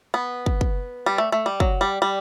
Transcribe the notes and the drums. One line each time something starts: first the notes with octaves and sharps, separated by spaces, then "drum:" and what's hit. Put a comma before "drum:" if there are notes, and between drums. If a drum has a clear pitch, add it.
B3
drum: kick
drum: kick
G3
A3
A3
G3
F#3, drum: kick
G3
G3